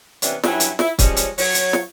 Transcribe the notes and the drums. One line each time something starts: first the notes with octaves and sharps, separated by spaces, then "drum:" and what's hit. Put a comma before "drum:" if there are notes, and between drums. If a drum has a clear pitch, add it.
C3 E3 B3 C#4 D4, drum: hi-hat
G2 F#3 C#4 E4, drum: snare
drum: hi-hat
E4, drum: snare
F3 G3 G#3 C#4, drum: kick, hi-hat
drum: hi-hat
F#3 C#5, drum: open hi-hat
drum: hi-hat
drum: snare